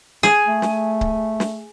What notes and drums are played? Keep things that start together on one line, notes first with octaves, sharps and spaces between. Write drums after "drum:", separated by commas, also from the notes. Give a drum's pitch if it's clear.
G#4, drum: snare
A3
drum: snare
drum: kick C#1
drum: snare